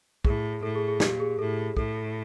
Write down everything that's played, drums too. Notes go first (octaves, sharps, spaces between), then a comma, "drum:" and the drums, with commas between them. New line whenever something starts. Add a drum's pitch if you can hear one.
A2 G#4, drum: kick
A2 A4
G#4
G#4
A#2 G4, drum: snare
G#4
A2 A4
A2 A4, drum: kick